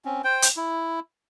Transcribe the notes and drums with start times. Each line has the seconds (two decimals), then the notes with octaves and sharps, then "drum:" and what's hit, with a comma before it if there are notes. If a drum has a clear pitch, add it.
0.05 C4 C#4
0.24 C5 G5
0.42 drum: hi-hat
0.57 E4